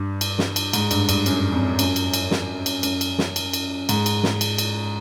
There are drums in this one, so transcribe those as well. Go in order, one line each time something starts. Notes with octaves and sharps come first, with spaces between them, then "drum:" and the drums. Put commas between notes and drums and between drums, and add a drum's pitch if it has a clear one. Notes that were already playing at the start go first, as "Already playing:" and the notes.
Already playing: G2
drum: cymbal
drum: snare
drum: cymbal
G#2, drum: cymbal
G2, drum: cymbal
G2, drum: cymbal
F#2, drum: cymbal
F2
F#2, drum: cymbal
drum: cymbal
drum: cymbal
drum: snare
drum: cymbal
F#2, drum: cymbal
drum: cymbal
drum: snare
drum: cymbal
drum: cymbal
G#2, drum: cymbal
drum: cymbal
drum: snare
drum: cymbal
drum: cymbal